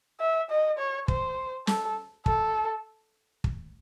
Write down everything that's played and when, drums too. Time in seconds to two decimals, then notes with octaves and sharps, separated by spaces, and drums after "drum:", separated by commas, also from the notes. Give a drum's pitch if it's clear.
0.20 E5
0.50 D#5
0.78 C#5
1.08 C5, drum: kick
1.67 A4, drum: snare
2.26 A4, drum: kick
3.44 drum: kick